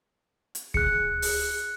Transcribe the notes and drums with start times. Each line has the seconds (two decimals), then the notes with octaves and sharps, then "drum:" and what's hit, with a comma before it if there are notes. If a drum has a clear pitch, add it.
0.55 drum: hi-hat
0.74 G#4 F#6 C#7, drum: kick D2
1.22 drum: open hi-hat